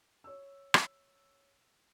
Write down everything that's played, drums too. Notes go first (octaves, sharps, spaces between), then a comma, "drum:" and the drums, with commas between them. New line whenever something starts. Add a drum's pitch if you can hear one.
C#5 E6
drum: rim click